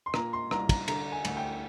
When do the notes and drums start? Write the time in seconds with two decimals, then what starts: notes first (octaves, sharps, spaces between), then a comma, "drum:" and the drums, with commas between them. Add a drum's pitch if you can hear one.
0.06 C6
0.14 A#2 A#5, drum: rim click
0.33 C6
0.51 C2 A#5, drum: rim click
0.69 A#5, drum: kick, cymbal
0.88 D3 A#5, drum: cymbal
1.12 G#5
1.25 D2, drum: cymbal
1.37 G5